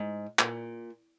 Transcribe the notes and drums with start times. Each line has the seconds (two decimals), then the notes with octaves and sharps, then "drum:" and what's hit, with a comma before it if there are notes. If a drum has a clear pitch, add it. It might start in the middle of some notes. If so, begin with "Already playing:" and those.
Already playing: G#2
0.39 A#2, drum: clap